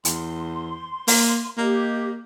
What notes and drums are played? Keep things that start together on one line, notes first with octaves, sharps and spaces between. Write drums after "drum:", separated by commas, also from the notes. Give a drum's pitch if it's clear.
E2 C6, drum: hi-hat
A#3, drum: open hi-hat
A#3 G4 D#5